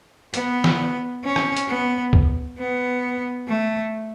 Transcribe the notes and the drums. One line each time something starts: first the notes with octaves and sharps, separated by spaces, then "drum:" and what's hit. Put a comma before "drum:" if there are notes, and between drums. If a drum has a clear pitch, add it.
B3, drum: hi-hat
drum: snare
C#4
drum: rim click
drum: hi-hat
B3
drum: kick
B3
A3